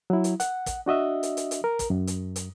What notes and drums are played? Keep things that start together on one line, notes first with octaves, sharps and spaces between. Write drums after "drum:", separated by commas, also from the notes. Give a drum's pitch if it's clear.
F#3 E4
drum: hi-hat
F#5, drum: hi-hat
drum: kick, hi-hat
D4 F#4 D#5 E5
drum: hi-hat
drum: hi-hat
drum: hi-hat
A#4
drum: kick, hi-hat
F#2
drum: hi-hat
drum: hi-hat